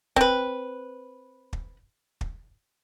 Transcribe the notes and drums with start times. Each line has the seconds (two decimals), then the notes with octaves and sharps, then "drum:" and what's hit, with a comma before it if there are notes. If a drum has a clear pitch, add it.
0.16 C4 B4, drum: kick
1.53 drum: kick
2.21 drum: kick